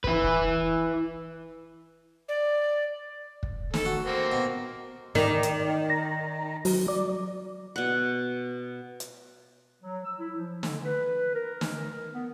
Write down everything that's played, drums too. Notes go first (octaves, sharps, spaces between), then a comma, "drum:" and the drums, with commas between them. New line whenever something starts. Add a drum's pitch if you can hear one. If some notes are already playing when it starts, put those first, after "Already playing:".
E4 B4, drum: kick
drum: kick
D5
drum: kick
A4, drum: snare
F#4
A#3 C4
B2
D#3 D5, drum: snare
drum: hi-hat
A#5
F#3, drum: open hi-hat
D5
B2 F#5
drum: hi-hat
F#3
E6
E4
F3
D3, drum: snare
B4
A#4
drum: snare
B3